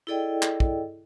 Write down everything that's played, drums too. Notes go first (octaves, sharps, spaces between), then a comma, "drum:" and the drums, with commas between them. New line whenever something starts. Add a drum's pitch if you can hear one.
E4 G#4 A4 D5 D#5 G5
drum: clap
drum: kick